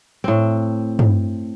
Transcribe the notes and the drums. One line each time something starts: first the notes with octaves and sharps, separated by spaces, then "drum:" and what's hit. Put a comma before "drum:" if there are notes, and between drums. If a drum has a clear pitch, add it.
A2 C4
drum: tom G2